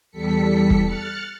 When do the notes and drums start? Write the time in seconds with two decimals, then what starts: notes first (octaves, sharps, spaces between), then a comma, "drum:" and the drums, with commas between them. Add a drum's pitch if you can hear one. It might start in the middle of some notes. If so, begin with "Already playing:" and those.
0.11 E2 G3 A4 B6 C#7
0.70 drum: kick
0.85 F6 F#6 A6 C#7